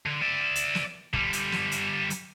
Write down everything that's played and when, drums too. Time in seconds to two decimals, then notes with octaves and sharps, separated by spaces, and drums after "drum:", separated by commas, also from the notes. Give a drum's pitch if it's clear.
0.06 D3
0.22 D5 E5
0.55 drum: hi-hat
0.75 drum: snare
1.13 D3 G3, drum: kick
1.33 drum: hi-hat
1.52 drum: snare
1.71 drum: hi-hat
2.10 drum: hi-hat